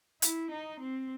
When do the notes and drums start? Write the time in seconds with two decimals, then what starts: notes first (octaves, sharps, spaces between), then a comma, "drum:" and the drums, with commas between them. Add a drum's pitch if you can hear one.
0.22 E4, drum: hi-hat
0.51 D#4
0.80 C4